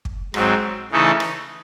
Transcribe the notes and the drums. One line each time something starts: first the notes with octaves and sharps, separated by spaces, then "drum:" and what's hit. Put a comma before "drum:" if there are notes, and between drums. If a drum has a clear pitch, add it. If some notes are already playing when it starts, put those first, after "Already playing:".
drum: kick
G#2 F#3 C4, drum: rim click
C#3 E3 A3 D#4 A4
drum: rim click